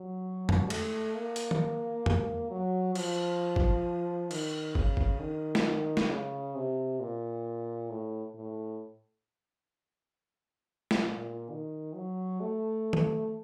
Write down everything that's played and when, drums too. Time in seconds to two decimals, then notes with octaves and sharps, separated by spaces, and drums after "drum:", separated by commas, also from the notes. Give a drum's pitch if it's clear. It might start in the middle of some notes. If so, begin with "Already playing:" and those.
Already playing: F#3
0.49 drum: tom F2
0.70 A3, drum: cymbal
1.15 A#3
1.36 drum: hi-hat
1.51 drum: tom D#3
2.06 drum: tom F2
2.51 F#3
2.95 F3, drum: cymbal
3.56 drum: kick
4.31 D#3, drum: cymbal
4.75 C#3, drum: kick
4.97 drum: kick
5.20 D#3
5.55 drum: snare
5.97 drum: snare
6.10 C#3
6.56 C3
7.01 A#2
7.91 A2
8.36 A2
10.91 drum: snare
11.05 A#2
11.51 D#3
11.95 F#3
12.41 A3
12.93 drum: tom D#3